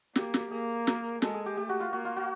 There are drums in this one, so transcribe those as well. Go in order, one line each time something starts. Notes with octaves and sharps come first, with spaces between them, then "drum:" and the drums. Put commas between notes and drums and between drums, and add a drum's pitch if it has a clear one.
A#3 G4, drum: snare
drum: snare
A#3 G#4
A#4, drum: snare
G#3 A4, drum: snare
G#4
G4
A3 G4
F#4
F4
A#3 F#4
F4
F#4